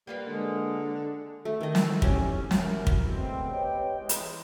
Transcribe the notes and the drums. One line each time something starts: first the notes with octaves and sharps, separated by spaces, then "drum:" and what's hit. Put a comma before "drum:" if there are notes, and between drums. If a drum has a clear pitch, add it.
G3 A#3 F4 B4
D3 G#3
A3
D#3 D#5
E4, drum: snare
G3 C#4, drum: kick
C#4 E4 F#4 G4 A#4, drum: snare
drum: kick
D3 G#3 A3 B3 C4
G4 B4 C#5 D#5 G5
E3 G#3
drum: hi-hat